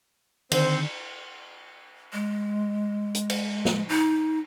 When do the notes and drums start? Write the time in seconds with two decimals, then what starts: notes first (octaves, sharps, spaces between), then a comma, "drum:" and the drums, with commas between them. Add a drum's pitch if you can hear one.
0.52 D3 D#3 C4 C5, drum: cymbal
2.13 G#3
3.15 drum: hi-hat
3.30 drum: cymbal
3.65 drum: snare
3.89 D#4